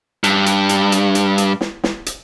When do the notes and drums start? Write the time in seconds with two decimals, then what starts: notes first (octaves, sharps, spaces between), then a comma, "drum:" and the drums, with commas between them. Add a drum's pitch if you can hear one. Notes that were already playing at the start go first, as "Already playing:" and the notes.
0.24 G2, drum: hi-hat
0.46 drum: hi-hat
0.69 drum: hi-hat
0.92 drum: hi-hat
1.15 drum: hi-hat
1.38 drum: hi-hat
1.61 drum: snare
1.84 drum: snare
2.06 drum: hi-hat